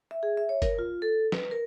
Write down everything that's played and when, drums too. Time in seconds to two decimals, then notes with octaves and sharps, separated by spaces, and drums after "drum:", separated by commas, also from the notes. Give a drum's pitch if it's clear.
0.11 E5
0.23 G#4
0.37 E5
0.49 C#5
0.62 A#4, drum: kick, hi-hat
0.79 F4
1.02 A4
1.32 B4, drum: snare
1.51 A#4